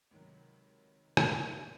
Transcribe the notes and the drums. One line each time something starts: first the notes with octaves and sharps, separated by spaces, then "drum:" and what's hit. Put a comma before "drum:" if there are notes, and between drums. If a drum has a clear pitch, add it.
C#2 C3 D#3 F#3
A#1 A#2 F#3 B3, drum: rim click